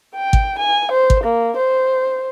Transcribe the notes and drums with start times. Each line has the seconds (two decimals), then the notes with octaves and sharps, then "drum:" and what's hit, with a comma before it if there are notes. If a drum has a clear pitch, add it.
0.16 G5
0.33 drum: kick
0.59 G#5
0.91 C5
1.10 drum: kick
1.23 A#3
1.57 C5